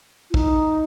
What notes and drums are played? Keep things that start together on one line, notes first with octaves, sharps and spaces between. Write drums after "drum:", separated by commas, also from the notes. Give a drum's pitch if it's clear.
F4
D#4, drum: kick